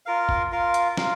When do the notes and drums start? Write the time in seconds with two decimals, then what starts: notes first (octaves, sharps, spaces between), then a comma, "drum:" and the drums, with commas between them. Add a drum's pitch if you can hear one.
0.06 F4 A#4 F5
0.29 drum: kick
0.52 F4 A#4 F5
0.74 drum: hi-hat
0.97 F4 A#4 F5, drum: snare